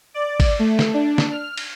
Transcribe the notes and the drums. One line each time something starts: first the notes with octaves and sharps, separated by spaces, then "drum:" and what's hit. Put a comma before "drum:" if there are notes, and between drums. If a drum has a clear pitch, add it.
D5
drum: kick G#1, cymbal
A3
drum: snare
D4
drum: snare
F6
drum: cymbal